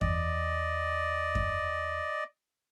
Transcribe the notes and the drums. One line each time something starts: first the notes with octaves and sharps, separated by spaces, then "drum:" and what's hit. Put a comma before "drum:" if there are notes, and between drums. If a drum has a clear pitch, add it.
E2 D5 D#5, drum: kick F#2
drum: kick F#2